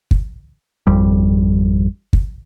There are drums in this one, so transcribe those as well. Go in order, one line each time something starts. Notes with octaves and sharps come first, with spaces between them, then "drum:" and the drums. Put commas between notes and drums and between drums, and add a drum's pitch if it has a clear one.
drum: kick
G#1 F2 G3
drum: kick